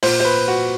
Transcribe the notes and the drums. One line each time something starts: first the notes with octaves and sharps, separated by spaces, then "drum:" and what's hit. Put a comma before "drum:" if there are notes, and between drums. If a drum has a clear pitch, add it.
A#2 C5, drum: open hi-hat
C5
B4
F#4